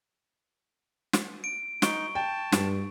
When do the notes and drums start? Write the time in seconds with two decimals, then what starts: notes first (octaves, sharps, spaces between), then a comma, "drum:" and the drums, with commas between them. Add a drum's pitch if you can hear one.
1.13 drum: snare
1.44 D7
1.82 D#4 C#6 D7, drum: snare
2.15 G5 A5
2.53 G2, drum: snare